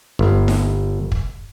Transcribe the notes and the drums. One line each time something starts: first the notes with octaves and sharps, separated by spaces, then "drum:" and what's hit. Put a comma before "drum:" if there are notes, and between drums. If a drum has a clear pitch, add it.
G1
drum: snare D#4
drum: kick